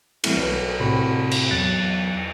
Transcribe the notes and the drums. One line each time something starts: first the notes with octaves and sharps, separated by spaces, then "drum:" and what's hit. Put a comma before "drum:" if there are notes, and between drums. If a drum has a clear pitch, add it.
E3 G3 A3 C4 E4, drum: cymbal
B1 F#4 B4 D5
A2 C3 C4 F#4 B5
drum: cymbal
E2 F#3 F#6 A6